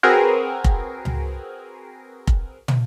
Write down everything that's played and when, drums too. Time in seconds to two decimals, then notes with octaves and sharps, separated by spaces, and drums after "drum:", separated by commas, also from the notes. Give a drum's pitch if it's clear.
0.03 C4 F#4 G#4 A#4 B4
0.64 drum: kick F1
1.05 drum: tom C#2
2.27 drum: kick F1
2.68 drum: tom